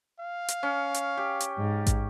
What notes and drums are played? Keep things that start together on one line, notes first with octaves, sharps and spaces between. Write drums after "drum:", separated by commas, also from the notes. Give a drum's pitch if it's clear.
F5
drum: hi-hat
C#4
drum: hi-hat
G4
drum: hi-hat
G#2
drum: kick A1, hi-hat